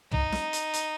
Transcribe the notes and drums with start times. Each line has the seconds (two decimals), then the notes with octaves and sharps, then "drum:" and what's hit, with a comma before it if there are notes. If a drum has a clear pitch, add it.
0.12 D#4, drum: tom
0.32 drum: snare
0.53 drum: hi-hat
0.74 drum: hi-hat